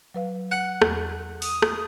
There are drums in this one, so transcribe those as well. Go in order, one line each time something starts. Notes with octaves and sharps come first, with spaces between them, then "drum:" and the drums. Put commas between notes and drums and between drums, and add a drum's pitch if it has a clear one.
F#3 B4 F5
F#5
E2, drum: rim click
D#6, drum: open hi-hat
drum: rim click